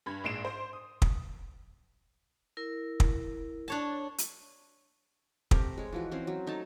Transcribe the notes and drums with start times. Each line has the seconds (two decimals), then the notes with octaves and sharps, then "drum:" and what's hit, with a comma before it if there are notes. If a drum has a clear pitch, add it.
0.06 G2 B5 G#6
0.24 A#1 G#2 C7 D7 E7
0.45 C5
0.73 D#6
1.02 drum: kick
2.57 E4 A#4
3.00 drum: kick
3.68 D4 C#5 A5
4.18 drum: hi-hat
5.51 A3 C4 G4 A#4, drum: kick
5.78 G#3 C#5
5.93 E3 F3 F#4
6.11 E3 C4 C#4 C5
6.27 F#3
6.47 A3 D#4 C#5 A5